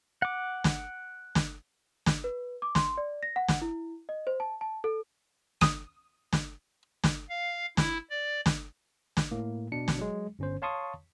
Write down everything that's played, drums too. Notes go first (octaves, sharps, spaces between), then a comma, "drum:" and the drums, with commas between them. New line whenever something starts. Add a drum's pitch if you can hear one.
F#5 D6
drum: snare
drum: snare
drum: snare
B4
D6
C6, drum: snare
D5
A#6
F#5
drum: snare
E4
D#5
C5
A5
A5
A4
D#6, drum: snare
drum: snare
drum: snare
F5
E4, drum: snare
D5
drum: snare
drum: snare
A2 A#3
B2 D4 C#7
drum: snare
F#3 G#3
G1 C#4 C5
C#5 F5 A5 C6 C#6 D#6